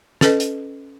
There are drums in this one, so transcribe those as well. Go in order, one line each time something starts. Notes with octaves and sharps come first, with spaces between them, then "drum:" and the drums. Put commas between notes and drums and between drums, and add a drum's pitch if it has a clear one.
C#4 A4 B4 D#5, drum: snare
drum: hi-hat